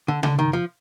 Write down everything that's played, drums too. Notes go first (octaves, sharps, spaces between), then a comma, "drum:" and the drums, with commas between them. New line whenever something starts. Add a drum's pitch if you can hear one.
D3
D3, drum: tom C#3
D#3
F3